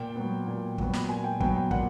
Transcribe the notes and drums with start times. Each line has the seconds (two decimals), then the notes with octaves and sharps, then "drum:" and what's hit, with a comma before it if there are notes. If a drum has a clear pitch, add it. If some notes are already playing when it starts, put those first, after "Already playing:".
Already playing: A#2 G5
0.16 F#3 B3
0.47 A#2
0.78 F#3 B3, drum: kick
0.93 drum: snare
1.09 A#2 G#5
1.24 G5
1.40 F#3 B3 G5, drum: kick
1.56 G5
1.71 A#2 F#5, drum: kick